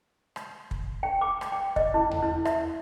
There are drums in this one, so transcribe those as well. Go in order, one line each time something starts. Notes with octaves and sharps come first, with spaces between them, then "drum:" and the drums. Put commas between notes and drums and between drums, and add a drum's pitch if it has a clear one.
drum: rim click
drum: kick
G5
D6
drum: rim click
G5
D#5, drum: kick
E4
drum: tom D#2
E4
E5, drum: rim click